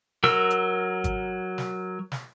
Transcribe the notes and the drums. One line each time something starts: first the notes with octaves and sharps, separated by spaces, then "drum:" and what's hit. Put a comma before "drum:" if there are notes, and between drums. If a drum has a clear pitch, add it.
F#3 A#4 E6, drum: snare
drum: hi-hat
drum: kick G1, hi-hat
drum: snare
drum: snare